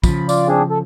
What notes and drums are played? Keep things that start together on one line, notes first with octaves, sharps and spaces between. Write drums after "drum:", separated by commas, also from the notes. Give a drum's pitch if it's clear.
C#3 F3 B5, drum: kick, tambourine
F4 D5, drum: tambourine
C4 D4 G#4
A4